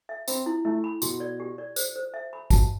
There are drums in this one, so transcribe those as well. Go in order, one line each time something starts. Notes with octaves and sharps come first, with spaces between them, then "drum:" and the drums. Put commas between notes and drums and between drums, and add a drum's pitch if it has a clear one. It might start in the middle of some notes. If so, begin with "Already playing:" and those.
E5
C4 B5, drum: tambourine
E4
A3 E4
B5
B2 C6, drum: tambourine
D5
G4
D5
C5, drum: tambourine
C5
E5
B5
B2 A5, drum: kick G#1, tambourine